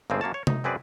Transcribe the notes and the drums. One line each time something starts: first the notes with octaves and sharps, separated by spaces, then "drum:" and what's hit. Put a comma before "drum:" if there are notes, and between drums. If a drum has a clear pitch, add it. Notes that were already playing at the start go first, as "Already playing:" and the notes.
G1 C#2 G2 C4 G#4
F#2 A#3 C#5 A5
C#5
D#4, drum: tom C3
F#2 C4 G#4 B4 D5